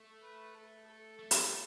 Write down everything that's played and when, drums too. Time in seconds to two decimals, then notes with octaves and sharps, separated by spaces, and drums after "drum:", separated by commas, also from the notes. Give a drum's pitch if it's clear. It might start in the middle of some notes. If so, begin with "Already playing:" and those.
Already playing: A3
0.22 B4
0.54 A4
0.86 A4
1.19 A3
1.31 drum: hi-hat